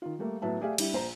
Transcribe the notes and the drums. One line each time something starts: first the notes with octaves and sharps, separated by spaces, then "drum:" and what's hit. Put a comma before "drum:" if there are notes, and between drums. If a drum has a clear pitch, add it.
D#3 F4
G3 A3 A#3
A2 F#3 B3 E5 A5
A3 G4 G#4 D5 E5 F5
G3 D4 E4, drum: cymbal
A#1 C5 A#5